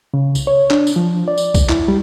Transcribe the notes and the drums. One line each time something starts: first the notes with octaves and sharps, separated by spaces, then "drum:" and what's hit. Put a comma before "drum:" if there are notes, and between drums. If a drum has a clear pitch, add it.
C#3
C2, drum: tambourine
C#5
D4, drum: clap
drum: tambourine
F3
D5
drum: tambourine
drum: kick, tambourine
E4, drum: clap
G3